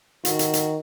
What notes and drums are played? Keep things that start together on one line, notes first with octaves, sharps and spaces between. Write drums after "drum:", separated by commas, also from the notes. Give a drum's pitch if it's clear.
D#3 F#4, drum: hi-hat
drum: hi-hat
drum: hi-hat